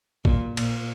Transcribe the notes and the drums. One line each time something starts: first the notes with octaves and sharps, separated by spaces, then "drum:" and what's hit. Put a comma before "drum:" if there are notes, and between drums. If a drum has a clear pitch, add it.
A#2, drum: kick
A#2, drum: cymbal